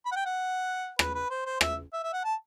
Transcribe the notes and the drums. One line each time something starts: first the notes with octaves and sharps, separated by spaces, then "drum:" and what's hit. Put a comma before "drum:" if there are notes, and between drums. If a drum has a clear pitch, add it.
B5
F#5
G5
F#5
B4, drum: rim click
B4
C5
C5
E5, drum: rim click
E5
E5
F#5
A5